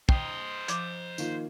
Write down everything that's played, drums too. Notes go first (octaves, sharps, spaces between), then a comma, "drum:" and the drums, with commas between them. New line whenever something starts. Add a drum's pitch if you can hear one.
C5 D#5 G5, drum: kick
F3 D6, drum: hi-hat
D#3 A#3 F4, drum: tambourine